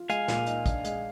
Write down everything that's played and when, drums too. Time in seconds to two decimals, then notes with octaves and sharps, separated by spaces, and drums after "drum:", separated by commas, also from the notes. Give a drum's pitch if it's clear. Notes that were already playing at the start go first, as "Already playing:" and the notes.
Already playing: F4
0.09 G#3 F5 G#5, drum: hi-hat
0.28 A#2, drum: snare
0.46 D#4, drum: hi-hat
0.66 D4, drum: kick, hi-hat
0.84 G#3, drum: hi-hat